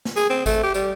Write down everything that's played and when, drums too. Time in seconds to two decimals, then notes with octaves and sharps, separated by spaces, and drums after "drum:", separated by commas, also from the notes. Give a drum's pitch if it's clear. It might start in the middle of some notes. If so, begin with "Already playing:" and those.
0.05 drum: snare
0.16 G#4, drum: tambourine
0.30 C4
0.46 A3, drum: kick G#1, tambourine
0.63 G4
0.74 G3, drum: tambourine